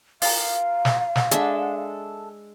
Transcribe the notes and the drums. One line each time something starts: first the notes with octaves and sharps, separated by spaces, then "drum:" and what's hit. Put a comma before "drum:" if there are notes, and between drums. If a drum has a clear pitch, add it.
F4 A#4 F5, drum: open hi-hat
drum: snare
drum: snare
G#3 D4 A4 E5, drum: hi-hat